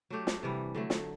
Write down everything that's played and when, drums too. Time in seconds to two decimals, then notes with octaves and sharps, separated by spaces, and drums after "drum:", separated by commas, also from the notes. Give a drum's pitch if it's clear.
0.10 F#3 A3 D4 G4
0.27 drum: snare
0.43 C3 E3 G3
0.75 D3 F#3 A3
0.90 drum: snare